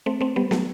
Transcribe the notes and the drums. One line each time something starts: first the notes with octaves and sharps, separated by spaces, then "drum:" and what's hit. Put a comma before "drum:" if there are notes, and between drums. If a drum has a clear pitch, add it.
A3 C4
A3 C4
G3 B3
F#3 A3, drum: snare